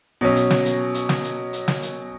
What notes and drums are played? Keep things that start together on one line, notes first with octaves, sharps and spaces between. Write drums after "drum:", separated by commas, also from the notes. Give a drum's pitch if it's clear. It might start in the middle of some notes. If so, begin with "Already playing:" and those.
B2 F#3 C#4
drum: hi-hat
drum: snare
drum: hi-hat
drum: hi-hat
drum: snare
drum: hi-hat
drum: hi-hat
drum: snare
drum: hi-hat